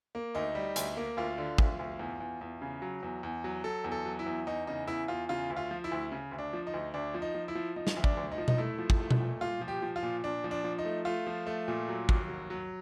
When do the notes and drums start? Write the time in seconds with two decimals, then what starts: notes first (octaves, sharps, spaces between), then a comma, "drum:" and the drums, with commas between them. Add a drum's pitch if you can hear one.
0.15 A#3
0.35 D2 D#4
0.55 G3
0.76 D2, drum: hi-hat
0.97 A#3
1.17 D2 F4
1.38 D3
1.58 D2, drum: kick
1.79 D2
1.99 E2
2.20 E2
2.41 E2
2.62 C#3
2.82 F#3
3.03 E2
3.23 E2
3.44 F#3
3.64 F#3 A4
3.84 E2
3.92 A4
4.05 F#3
4.19 E4
4.26 E2
4.47 E2 D#4
4.67 C#3 D#4
4.87 E2 E4
5.08 E2 F4
5.29 C#3 F4
5.50 D2
5.56 F4
5.71 F3
5.84 E4
5.91 D2
6.12 C#3
6.31 D2
6.39 D4
6.53 F3
6.67 D#4
6.74 D2
6.94 D2 D4
7.14 F3
7.22 D#4
7.35 F3
7.48 E4
7.55 F3
7.76 F3 D#4
7.87 drum: snare
7.97 D2
8.04 D4, drum: kick
8.17 D2
8.32 D#4
8.38 F3
8.48 D#4, drum: tom B2
8.58 A3 E4
8.79 F3
8.90 drum: kick
9.00 A3
9.11 drum: tom B2
9.20 A#2
9.41 A#2 F4
9.61 F3
9.68 G4
9.82 F3
9.96 F4
10.03 A#2
10.23 A#2 D4
10.44 F3
10.51 D4
10.64 F3
10.78 D#4
10.85 A3
11.05 A3 F4
11.27 F3
11.47 A3
11.68 A#2
11.89 F#3
12.09 D#2, drum: kick
12.29 F#3
12.50 F#3